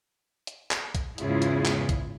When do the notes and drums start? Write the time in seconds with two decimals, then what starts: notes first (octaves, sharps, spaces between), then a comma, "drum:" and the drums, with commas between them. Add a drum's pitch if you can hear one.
0.47 drum: hi-hat
0.71 drum: clap
0.95 drum: kick B1, hi-hat
1.18 E2 G#2 C#3 E4 F4 G#4, drum: hi-hat
1.42 drum: hi-hat
1.65 drum: clap
1.89 drum: kick B1, hi-hat